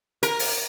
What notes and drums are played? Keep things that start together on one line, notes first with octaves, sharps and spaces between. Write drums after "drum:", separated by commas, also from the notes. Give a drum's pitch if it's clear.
A#4, drum: hi-hat
drum: open hi-hat